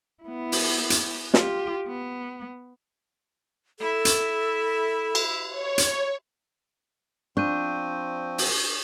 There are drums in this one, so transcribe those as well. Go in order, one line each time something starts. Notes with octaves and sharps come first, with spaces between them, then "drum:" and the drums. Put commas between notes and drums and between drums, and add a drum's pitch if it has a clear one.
B3 E4
drum: open hi-hat
drum: hi-hat
F4 G4, drum: snare
B3
E4 A4 E5
drum: hi-hat
drum: cymbal
C#5
drum: hi-hat
F3 C4 D4 C#6 G6 D#7
drum: open hi-hat